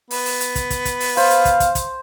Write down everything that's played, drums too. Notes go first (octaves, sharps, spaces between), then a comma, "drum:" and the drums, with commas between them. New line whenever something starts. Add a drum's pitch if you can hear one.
B3, drum: open hi-hat
drum: open hi-hat
drum: hi-hat
drum: kick, hi-hat
drum: kick, hi-hat
drum: kick, hi-hat
drum: open hi-hat
C5 F5, drum: open hi-hat
drum: hi-hat
drum: kick, hi-hat
drum: kick, hi-hat
drum: kick, hi-hat